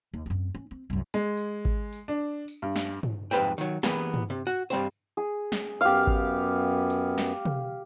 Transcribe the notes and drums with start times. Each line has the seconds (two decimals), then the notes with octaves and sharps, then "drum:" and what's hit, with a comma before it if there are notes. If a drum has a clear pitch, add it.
0.14 D#2
0.26 F#2 C4
0.55 C#4
0.71 C4
0.90 C2 F#2
1.14 G#3
1.37 drum: tambourine
1.65 drum: kick G#1
1.93 drum: tambourine
2.08 D4
2.48 drum: tambourine
2.62 G2
2.76 drum: snare
3.03 drum: tom
3.31 F2 G#2 G4 B4 C5 G5
3.58 D#3 F#3, drum: tambourine
3.83 E3 A#3 B3 G4 G#4 A#5, drum: snare
4.14 drum: tom
4.30 C3
4.47 F#4 F#5
4.70 G2 G3 C4 C5, drum: tambourine
5.17 G#4
5.52 drum: snare
5.81 F#2 B3 G4 F5, drum: tambourine
6.07 drum: kick G#1
6.90 drum: tambourine
7.18 drum: snare
7.45 drum: tom